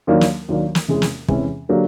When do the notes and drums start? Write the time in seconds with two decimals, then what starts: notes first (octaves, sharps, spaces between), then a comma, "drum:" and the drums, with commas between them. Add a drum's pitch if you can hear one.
0.07 D#2 D#3 F#3 A#3 D4
0.21 drum: snare
0.48 D#2 D#3 F#3 A#3 D4
0.75 drum: snare
0.88 E2 C3 E3 G#3 C#4
1.02 drum: snare
1.28 E2 C3 E3 G#3 C#4, drum: kick
1.69 D3 F#3 A#3 D4 G4